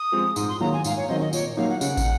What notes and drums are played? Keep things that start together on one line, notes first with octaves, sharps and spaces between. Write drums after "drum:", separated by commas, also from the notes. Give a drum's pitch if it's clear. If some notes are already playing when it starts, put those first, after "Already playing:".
Already playing: D#6
F3 G#3 C4
G#2 D#6, drum: tambourine
C6
D#3 F#3 A#3 F4 A#5
G#5
G#2 F5, drum: tambourine
C#5
D#3 F#3 C4 D#5
D#5
A#2 C#5, drum: tambourine
F#3 A#3 D#4 F5
F#5
C#3 F#5, drum: tambourine
drum: kick, tambourine